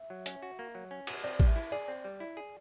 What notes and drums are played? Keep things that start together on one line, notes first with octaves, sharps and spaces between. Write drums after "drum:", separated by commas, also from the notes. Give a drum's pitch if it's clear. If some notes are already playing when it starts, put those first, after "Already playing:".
Already playing: E5
F#3
C#4, drum: hi-hat
F#4
A#3
F#3
C#4
F#4, drum: cymbal
C4 D5
G3, drum: kick
E5
E4
G#4 D5
C4
G3
E4
G#4